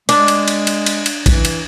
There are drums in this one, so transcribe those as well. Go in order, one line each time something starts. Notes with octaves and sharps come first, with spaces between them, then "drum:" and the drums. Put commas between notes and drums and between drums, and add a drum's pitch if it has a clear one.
G#3 D4, drum: cymbal
drum: cymbal
drum: cymbal
drum: cymbal
drum: cymbal
drum: cymbal
E3, drum: kick A#1, cymbal
drum: cymbal